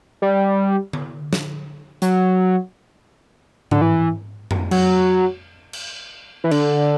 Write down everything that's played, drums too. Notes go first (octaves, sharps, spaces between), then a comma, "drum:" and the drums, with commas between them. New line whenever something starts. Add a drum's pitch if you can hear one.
G3
drum: tom D3
drum: snare
F#3, drum: hi-hat
D3, drum: tom G#2
E3
drum: tom F2
F#3, drum: cymbal
drum: cymbal
E3
D3, drum: cymbal